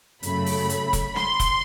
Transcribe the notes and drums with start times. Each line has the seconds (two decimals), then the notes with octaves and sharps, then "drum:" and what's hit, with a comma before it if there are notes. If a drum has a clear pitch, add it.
0.23 F#2 C#3 F#3 A3 B5, drum: hi-hat
0.46 drum: open hi-hat
0.70 drum: hi-hat
0.93 drum: kick E1, hi-hat
1.16 C6, drum: snare
1.40 drum: kick E1, hi-hat